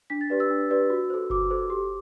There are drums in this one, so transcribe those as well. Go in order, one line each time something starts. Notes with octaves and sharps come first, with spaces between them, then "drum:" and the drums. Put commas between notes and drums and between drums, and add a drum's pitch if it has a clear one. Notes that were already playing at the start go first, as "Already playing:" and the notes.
D4 B6
A6
G4 B4 D5
E6
D4
G4 B4 D5
F#4
A4 C5
F#4 D6, drum: kick G1
A4 C5
G4